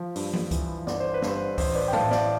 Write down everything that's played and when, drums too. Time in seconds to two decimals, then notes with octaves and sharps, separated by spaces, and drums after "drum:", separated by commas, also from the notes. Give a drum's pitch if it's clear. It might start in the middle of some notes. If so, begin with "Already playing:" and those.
Already playing: F3
0.16 G2, drum: open hi-hat
0.33 drum: tom E3
0.51 E3, drum: kick C#2, hi-hat
0.87 G1 D5, drum: snare
1.00 C5
1.14 B4
1.22 G2, drum: snare
1.28 C5
1.58 A1 C5, drum: kick C#2, open hi-hat
1.75 B4 D5
1.88 G5
1.93 A2 F5 A5, drum: tom A2
2.11 D5 F5, drum: snare